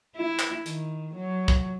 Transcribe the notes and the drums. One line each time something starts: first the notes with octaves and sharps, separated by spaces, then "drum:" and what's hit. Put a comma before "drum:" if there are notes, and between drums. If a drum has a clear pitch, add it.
E4
drum: clap
D#3, drum: hi-hat
F#3
drum: kick